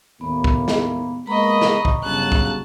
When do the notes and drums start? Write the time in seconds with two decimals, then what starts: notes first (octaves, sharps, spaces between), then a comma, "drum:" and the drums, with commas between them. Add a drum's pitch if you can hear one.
0.21 D#2 A2 A#3 B3
0.44 drum: kick
0.68 drum: snare
1.27 G#3 A#3 B3 D#5 A#5 B5 C#6
1.62 drum: snare
1.85 drum: kick
2.03 G1 C#3 F#3 A5 F#6
2.32 drum: kick